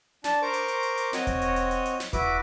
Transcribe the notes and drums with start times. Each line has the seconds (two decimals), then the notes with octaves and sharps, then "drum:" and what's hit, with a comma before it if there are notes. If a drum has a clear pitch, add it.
0.24 D4 A5, drum: snare
0.42 A#4 C5 C#6 D6
0.54 drum: hi-hat
0.68 drum: hi-hat
0.83 drum: hi-hat
0.98 drum: hi-hat
1.13 C4 F#4 C#5 D#5, drum: snare
1.27 drum: kick E1, hi-hat
1.42 drum: hi-hat
1.56 drum: hi-hat
1.71 drum: hi-hat
1.85 drum: hi-hat
2.00 drum: snare
2.13 E4 F#4 B4 D6, drum: kick E1, hi-hat